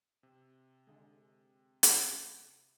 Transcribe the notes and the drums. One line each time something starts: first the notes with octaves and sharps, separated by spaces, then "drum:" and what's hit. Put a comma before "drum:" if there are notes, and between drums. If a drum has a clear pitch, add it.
C3
D3 G#3
drum: hi-hat